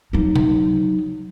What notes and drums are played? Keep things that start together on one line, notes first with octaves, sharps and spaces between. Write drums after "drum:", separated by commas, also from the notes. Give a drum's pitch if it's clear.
F#3 D#4
drum: tom C3